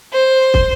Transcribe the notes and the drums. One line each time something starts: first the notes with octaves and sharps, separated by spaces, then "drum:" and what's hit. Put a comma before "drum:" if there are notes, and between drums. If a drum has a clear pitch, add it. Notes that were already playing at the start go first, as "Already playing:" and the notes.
C5
drum: kick